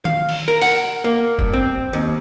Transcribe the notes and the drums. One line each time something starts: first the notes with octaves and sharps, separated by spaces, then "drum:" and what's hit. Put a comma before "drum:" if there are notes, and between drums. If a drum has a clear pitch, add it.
F5, drum: tom D#3
drum: cymbal
A#4
F#5, drum: open hi-hat
A#3
G2, drum: kick
C4
D#2